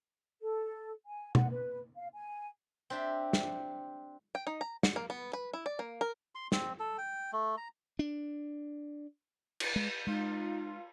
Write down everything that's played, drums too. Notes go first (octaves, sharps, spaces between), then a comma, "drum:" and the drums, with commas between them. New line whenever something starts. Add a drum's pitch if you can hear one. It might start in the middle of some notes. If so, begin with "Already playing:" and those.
A4
G#5
F#5, drum: tom B2
B4
F5
G#5
C4 D4 G4 E5 G5 C6
drum: snare
G5
D#4
A#5
F#5, drum: snare
A#3
B3
B4
E4
D5
A#3
A#4
C6
C4, drum: snare
A4
G5
A3
A#5
D4
drum: cymbal
G#3
G#3 D#4 F4